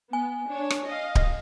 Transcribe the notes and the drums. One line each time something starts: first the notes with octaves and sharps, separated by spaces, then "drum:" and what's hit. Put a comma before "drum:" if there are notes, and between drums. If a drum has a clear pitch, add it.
B3 G#5
D4 C#5
drum: rim click
D#5 F5
drum: kick D1